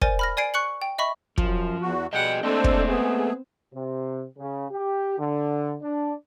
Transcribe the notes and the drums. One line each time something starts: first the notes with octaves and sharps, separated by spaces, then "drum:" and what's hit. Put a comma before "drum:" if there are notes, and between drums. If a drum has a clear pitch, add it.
A#4 C5 D5 G#5, drum: kick
B5 F6 A#6
D5 G#5 G#6 C7 D7
C#6 F#6 C#7 F#7
G5
D#5 E5 B5 C#6
F#2 F3, drum: kick
E2 F#4
F2 B2 G3 G#4 D#5 F#5 G5
A3 A#3 C4 D4 A4 C5 D#5
drum: kick
B3 G#4
C3
C#3
G4
D3
D4